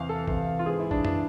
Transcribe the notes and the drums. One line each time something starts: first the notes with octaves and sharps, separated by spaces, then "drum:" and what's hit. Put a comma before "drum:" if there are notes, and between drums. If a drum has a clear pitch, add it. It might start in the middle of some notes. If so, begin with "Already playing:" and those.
Already playing: E2 C3 E3 F5
A4
E2 C3 E3, drum: kick A1
F4
G#2 E3 G#4
E4
D4, drum: kick A1
E3 D4, drum: tom F#2